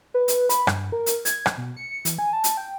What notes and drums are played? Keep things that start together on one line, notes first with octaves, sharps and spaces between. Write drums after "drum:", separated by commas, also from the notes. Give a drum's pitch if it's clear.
B4
drum: hi-hat
B5, drum: hi-hat
G2, drum: rim click
A#4
drum: hi-hat
G#6, drum: hi-hat
drum: rim click
B2
C#7
E3, drum: hi-hat
G#5
A5
drum: hi-hat
G5